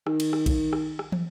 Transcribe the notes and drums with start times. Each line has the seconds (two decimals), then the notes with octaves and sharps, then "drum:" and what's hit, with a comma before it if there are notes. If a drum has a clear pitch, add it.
0.07 D#3, drum: rim click
0.20 drum: cymbal
0.33 drum: rim click
0.46 drum: kick A#1, cymbal
0.73 drum: rim click
0.99 drum: rim click
1.12 drum: tom